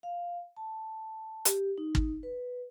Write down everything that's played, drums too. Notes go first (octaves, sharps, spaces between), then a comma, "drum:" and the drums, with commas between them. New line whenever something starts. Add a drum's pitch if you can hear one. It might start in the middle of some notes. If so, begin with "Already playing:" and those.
F5
A5
G4, drum: hi-hat
D#4
drum: kick
B4